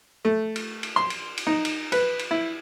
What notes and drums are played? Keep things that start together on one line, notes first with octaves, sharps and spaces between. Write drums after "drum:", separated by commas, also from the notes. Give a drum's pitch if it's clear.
A3
drum: cymbal
drum: cymbal
C6
drum: cymbal
drum: cymbal
D#4
drum: cymbal
B4, drum: cymbal
drum: cymbal
E4